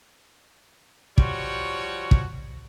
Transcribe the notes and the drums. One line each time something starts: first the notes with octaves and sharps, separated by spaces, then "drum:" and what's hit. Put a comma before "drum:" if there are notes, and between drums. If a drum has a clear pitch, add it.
F3 G3 F#4 C#5, drum: kick
drum: kick